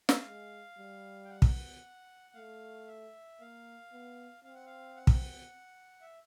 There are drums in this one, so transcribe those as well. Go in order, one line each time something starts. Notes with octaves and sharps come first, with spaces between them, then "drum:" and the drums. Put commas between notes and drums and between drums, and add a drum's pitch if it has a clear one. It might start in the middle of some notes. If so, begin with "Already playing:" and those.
F5, drum: snare
G#3
G3
G5
F#5
drum: kick
A3 F5
E5
A#3 F5
B3
C4 F5
F#5
F5
F#5
drum: kick
E5